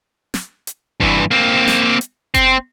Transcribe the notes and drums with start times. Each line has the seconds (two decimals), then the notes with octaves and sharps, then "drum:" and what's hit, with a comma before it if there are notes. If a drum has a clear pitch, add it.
0.34 drum: snare
0.67 drum: hi-hat
1.00 G2 E3, drum: kick F#1
1.31 A#3 C4
1.68 drum: snare
2.01 drum: hi-hat
2.34 C4, drum: kick F#1, hi-hat